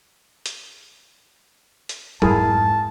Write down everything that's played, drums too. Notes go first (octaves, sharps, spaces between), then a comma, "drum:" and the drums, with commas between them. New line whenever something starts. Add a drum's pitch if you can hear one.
drum: hi-hat
drum: hi-hat
F2 G#2 E4 G#4 A#4 A5, drum: tom F#3